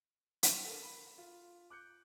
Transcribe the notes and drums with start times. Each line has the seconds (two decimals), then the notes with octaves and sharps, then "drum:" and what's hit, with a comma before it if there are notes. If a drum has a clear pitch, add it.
0.43 drum: hi-hat
0.65 A4 A#4
0.83 B5
1.18 F4
1.70 D6 F#6 G6 C#7